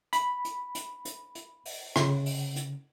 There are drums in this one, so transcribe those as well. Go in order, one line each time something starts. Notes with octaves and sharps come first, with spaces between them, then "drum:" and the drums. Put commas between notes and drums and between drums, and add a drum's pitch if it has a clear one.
B5, drum: hi-hat
drum: hi-hat
drum: hi-hat
drum: hi-hat
drum: hi-hat
drum: open hi-hat
C#3, drum: rim click
drum: open hi-hat
drum: hi-hat